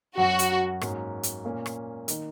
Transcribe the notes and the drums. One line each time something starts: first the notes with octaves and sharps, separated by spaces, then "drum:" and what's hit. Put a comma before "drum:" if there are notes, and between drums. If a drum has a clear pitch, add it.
F#2 F#3 C#4 F#4
drum: hi-hat
G#2 F#3 A#3 C#4, drum: rim click
drum: hi-hat
A#2 A#3 C#4
drum: rim click
D#3 A#3 D#4, drum: hi-hat